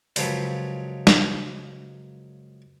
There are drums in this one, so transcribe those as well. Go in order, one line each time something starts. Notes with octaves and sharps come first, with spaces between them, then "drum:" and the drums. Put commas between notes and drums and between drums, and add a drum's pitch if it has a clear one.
C#2 F#2 F3 F#3 G4 B4, drum: open hi-hat
drum: snare